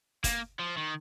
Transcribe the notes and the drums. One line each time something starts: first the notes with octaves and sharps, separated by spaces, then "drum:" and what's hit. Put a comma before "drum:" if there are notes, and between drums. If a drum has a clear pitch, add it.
A#3, drum: kick, hi-hat
F3
D#3